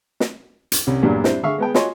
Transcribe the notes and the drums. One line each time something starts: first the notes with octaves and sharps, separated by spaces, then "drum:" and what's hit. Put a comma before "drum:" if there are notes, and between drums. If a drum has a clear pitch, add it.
drum: snare
drum: hi-hat
C2 C#4
E2 G2 A#2 F#3 D4
G3 C4 D4 E4 C5, drum: snare
D3 G#4 E5 F5 C#6
G#3 B3 G5
F4 F#4 C#5 D#5 G#5 C6, drum: snare